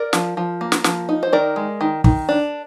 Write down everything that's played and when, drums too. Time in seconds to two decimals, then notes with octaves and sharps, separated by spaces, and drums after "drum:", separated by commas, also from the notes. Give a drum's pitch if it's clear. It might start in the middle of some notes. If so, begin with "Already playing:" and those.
Already playing: A#4 D5
0.13 F3, drum: snare
0.37 F3
0.61 A#3
0.72 drum: snare
0.84 F3, drum: snare
1.09 D#4
1.23 C5
1.33 D#3 A#4 D5
1.56 G#3
1.81 D#3
2.04 D#3, drum: kick
2.29 D4